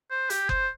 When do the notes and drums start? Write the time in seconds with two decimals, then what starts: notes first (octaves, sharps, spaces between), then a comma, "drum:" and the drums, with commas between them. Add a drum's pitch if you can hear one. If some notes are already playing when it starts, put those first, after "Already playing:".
0.11 C5
0.30 G4, drum: hi-hat
0.49 C5, drum: kick F#1